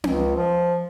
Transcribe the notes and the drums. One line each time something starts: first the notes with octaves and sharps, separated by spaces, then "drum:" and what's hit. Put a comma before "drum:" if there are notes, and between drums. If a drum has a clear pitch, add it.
C#2, drum: tom C4
F3